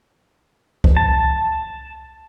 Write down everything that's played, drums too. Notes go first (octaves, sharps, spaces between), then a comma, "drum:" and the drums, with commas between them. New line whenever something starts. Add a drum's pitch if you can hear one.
drum: kick C2
A5